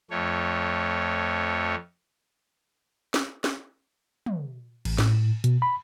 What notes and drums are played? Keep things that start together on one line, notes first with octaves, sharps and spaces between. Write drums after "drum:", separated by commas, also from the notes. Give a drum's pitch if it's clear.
F2 A3 C#5
drum: snare
drum: snare
drum: tom
A1, drum: cymbal
A2, drum: snare
B2, drum: hi-hat
B5